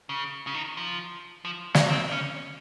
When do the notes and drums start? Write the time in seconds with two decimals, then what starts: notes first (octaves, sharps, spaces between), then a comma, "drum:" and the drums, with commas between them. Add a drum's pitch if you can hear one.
0.09 C#3
0.47 C#3
0.54 D#3
0.77 F3
1.45 F3
1.75 G#3, drum: snare
1.90 C4
2.12 C#4